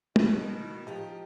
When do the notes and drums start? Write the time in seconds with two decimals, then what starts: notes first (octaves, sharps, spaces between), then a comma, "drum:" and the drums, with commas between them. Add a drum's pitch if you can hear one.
0.16 B2 D#3 D#4 E4, drum: tom
0.87 F3 G4 D#5 A#5